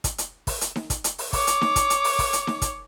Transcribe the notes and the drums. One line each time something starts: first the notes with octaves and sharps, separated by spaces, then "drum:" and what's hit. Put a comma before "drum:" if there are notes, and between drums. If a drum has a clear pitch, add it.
drum: kick, hi-hat
drum: hi-hat
drum: kick, open hi-hat
drum: hi-hat
drum: snare D#4
drum: kick, hi-hat
drum: hi-hat
drum: open hi-hat
C#5 D6, drum: kick, open hi-hat
drum: hi-hat
drum: snare D#4
drum: kick, hi-hat
drum: hi-hat
drum: open hi-hat
drum: kick, open hi-hat
drum: hi-hat
drum: snare D#4
drum: kick, hi-hat